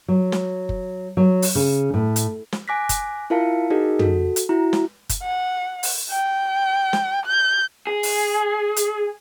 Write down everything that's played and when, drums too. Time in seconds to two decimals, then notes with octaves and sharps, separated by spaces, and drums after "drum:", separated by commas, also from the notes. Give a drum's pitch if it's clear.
0.08 F#3
0.32 drum: snare
0.69 drum: kick F#1
1.17 F#3
1.42 drum: open hi-hat
1.55 C#3
1.94 A2
2.16 drum: hi-hat
2.52 drum: snare
2.68 G#5 D6 F#6 A#6 B6
2.89 drum: kick F#1, hi-hat
3.30 E4 F4 A#4 F5 A5 C#7
3.70 D#4 F#4 G#4 A#4 D#5
3.99 F#4 A4, drum: tom
4.36 drum: hi-hat
4.49 E4 F#4 A#5
4.73 drum: snare
5.09 drum: kick F#1, hi-hat
5.22 F#5
5.83 drum: open hi-hat
6.11 G5
6.93 drum: snare
7.26 G6
7.87 G#4
8.03 drum: open hi-hat
8.76 drum: hi-hat